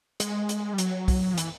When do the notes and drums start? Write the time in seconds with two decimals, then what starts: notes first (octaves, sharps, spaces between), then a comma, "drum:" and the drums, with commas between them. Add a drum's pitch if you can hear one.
0.20 G#3, drum: hi-hat
0.49 drum: hi-hat
0.73 G3
0.78 F#3, drum: hi-hat
1.08 drum: kick, open hi-hat
1.34 F3
1.37 E3, drum: hi-hat